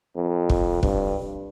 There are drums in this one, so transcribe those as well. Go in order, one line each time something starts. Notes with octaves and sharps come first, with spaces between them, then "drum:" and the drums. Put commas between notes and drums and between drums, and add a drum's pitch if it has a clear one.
F2
drum: kick
G2, drum: kick